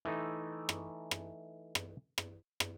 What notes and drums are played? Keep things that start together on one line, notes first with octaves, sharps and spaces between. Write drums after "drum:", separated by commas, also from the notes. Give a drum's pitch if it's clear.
E3 A3 D#4
drum: rim click
drum: rim click
drum: rim click
drum: rim click
drum: rim click